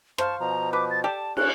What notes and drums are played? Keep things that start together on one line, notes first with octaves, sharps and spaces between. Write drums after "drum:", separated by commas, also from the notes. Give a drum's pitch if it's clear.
C5 F5 A5 C#6, drum: rim click
B2 F3 A#5
B4 D6
A6
G4 A4 D5 A5
C#4 F#6, drum: cymbal